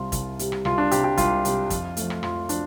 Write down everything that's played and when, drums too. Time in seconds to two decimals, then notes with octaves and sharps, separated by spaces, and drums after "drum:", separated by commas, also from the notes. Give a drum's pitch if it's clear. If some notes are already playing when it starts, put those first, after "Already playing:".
Already playing: C2 C3 G3 F4
0.12 C2, drum: kick, hi-hat
0.39 C3 G3, drum: hi-hat
0.52 drum: rim click
0.65 C2 F4, drum: rim click
0.78 D4
0.91 C3 G3 G4, drum: hi-hat
1.04 G4
1.18 C2 F4, drum: kick, hi-hat
1.45 C3 G3, drum: hi-hat
1.70 F2, drum: kick, hi-hat
1.97 F3 A3, drum: hi-hat
2.10 drum: rim click
2.23 F2 F4, drum: rim click
2.49 F3 D4, drum: hi-hat